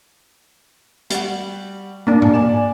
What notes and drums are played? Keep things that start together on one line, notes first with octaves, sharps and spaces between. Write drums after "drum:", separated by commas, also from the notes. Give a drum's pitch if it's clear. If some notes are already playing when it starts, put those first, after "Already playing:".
G3 F#4, drum: hi-hat
A#3 D4
drum: tom G#2
D5 G#5 E7